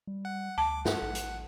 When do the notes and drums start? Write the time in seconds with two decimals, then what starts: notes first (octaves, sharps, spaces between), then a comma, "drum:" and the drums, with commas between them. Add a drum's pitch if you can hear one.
0.07 G3
0.25 F#5
0.58 D2 A5 D6
0.85 G2 F#5, drum: snare
1.02 A1
1.15 drum: hi-hat